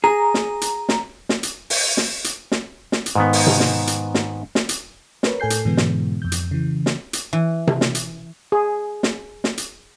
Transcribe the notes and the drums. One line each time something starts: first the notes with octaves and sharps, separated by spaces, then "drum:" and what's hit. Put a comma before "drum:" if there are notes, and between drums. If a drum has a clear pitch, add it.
G#4 A#5
drum: snare
drum: hi-hat
drum: snare
drum: snare
drum: hi-hat
drum: open hi-hat
drum: snare
drum: hi-hat
drum: snare
drum: snare
drum: hi-hat
G#2 D#3 B3
drum: open hi-hat
drum: tom C3
drum: snare
drum: hi-hat
drum: snare
drum: snare
drum: hi-hat
A#4 B4 C#5, drum: snare
A2 A4 G#5 G6 C7
drum: hi-hat
G#2 B2 D3 E3 G#3 B3
drum: snare
F2 G6
drum: hi-hat
C#3 E3
drum: snare
drum: hi-hat
E3
drum: tom C3
drum: snare
drum: hi-hat
G#4
drum: snare
drum: snare
drum: hi-hat